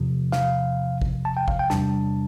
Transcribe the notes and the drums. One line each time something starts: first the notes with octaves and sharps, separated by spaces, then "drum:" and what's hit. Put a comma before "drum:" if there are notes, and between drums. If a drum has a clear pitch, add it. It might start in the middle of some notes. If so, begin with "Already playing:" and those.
Already playing: E2 C3 F3
F5, drum: snare
drum: kick
A5
G5
F5, drum: kick
G5
E2 C3 G3 D4 A5, drum: snare